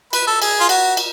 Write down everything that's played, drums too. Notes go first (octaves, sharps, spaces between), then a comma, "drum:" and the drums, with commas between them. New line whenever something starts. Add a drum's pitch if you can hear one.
B4, drum: cymbal
A4
G#4, drum: cymbal
F4
F#4, drum: cymbal
drum: cymbal